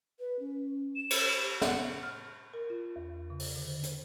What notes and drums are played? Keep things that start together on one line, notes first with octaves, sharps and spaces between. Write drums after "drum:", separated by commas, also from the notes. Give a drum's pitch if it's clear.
B4
C#4
E7
drum: cymbal
G4
B3 F#5, drum: snare
F6
A#4
F4
E2
C#3
drum: open hi-hat
D3
drum: hi-hat